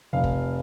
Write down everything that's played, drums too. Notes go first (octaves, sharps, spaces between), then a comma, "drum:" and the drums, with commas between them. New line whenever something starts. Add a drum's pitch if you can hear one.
F1 F5
drum: kick